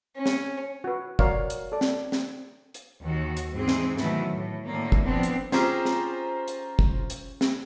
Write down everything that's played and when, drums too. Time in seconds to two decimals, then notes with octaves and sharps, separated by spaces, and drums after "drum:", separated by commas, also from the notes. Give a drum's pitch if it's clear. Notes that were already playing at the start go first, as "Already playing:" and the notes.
0.16 C#4
0.26 drum: snare
0.84 F#4 B4
1.19 F#4 A#4 C#5 D5 F5, drum: kick
1.50 drum: hi-hat
1.72 A4 D5
1.81 drum: snare
2.12 drum: snare
2.74 drum: hi-hat
3.01 D#2 F#4
3.37 drum: hi-hat
3.52 G#2 E3 C4 G#4
3.68 drum: snare
3.98 B2 D#3 E3 F#3 A3 E4, drum: snare
4.31 A2
4.65 A2 D3 D#3 A#3
4.92 drum: kick
5.04 F3 B3 C4 D4
5.23 drum: hi-hat
5.52 C#4 F4 G4 G#4 C5 A#5, drum: snare
5.85 drum: snare
6.48 drum: hi-hat
6.79 drum: kick
7.10 drum: hi-hat
7.41 drum: snare